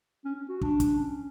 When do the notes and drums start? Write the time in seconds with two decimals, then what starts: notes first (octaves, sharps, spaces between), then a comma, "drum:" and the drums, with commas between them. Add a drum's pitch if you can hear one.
0.25 C#4
0.36 C#4
0.49 F#4
0.62 D4, drum: kick
0.80 drum: kick, hi-hat
0.98 C#4